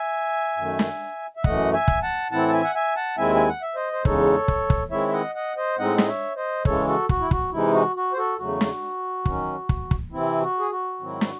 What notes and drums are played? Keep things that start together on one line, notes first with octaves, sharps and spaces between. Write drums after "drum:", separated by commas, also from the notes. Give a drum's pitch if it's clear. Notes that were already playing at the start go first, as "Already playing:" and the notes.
Already playing: E5 G#5
F#2 D#3 A3
drum: snare
E5
F#2 E3 A3 D#5 F#5, drum: kick
E5 G#5
drum: kick
F#5 A5
A2 E3 C4 E4 F#5 A5
A5
E5 G#5
F#5
E5 G#5
F#5 A5
D#2 D#3 G#3 C4 E4 E5 G#5
G#5
F#5
E5
C5 D#5
C5
E2 C#3 G#3 D#4 A4 C#5, drum: kick
drum: kick
drum: kick
D#3 G#3 C4 E4 C#5 E5
E5
D#5 F#5
D#5 F#5
C5 D#5
A2 G#3 C4 D#4 D#5 F#5
D#5, drum: snare
C#5 E5
C5 D#5
C#3 E3 G#3 A4 C#5, drum: kick
F#4 A4
F#4, drum: kick
E4
F#4, drum: kick
C3 E3 G#3 D#4 E4
F#4
F#4
C5
F#4 A4
E2 C#3 F#3 A3 F#4
drum: snare
D#3 F#3 C#4, drum: kick
drum: kick
drum: kick
C3 E3 C4 E4
F#4
G#4
F#4
G#2 D#3 F#3 C4 E4
drum: snare